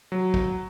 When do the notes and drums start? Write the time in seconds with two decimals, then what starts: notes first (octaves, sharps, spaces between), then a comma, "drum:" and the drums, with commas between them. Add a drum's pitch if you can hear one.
0.12 F#3
0.34 drum: kick